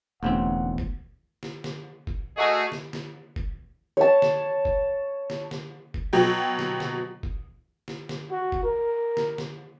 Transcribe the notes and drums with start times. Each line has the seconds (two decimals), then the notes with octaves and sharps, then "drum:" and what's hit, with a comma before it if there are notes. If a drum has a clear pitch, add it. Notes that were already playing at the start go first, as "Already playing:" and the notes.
0.23 E1 D2 C#3 A3 B3 C4 D#4 F#5
0.78 drum: kick
1.43 drum: snare
1.64 drum: snare
2.07 drum: kick
2.37 A3 F#4 G#4 D#5
2.72 drum: snare
2.93 drum: snare
3.36 drum: kick
3.97 C#5 A5
4.22 drum: snare
4.65 drum: kick
5.30 drum: snare
5.51 drum: snare
5.94 drum: kick
6.13 B2 F#3 G5
6.59 drum: snare
6.80 drum: snare
7.23 drum: kick
7.88 drum: snare
8.09 drum: snare
8.31 F#4
8.52 drum: kick
8.63 A#4
9.17 drum: snare
9.38 drum: snare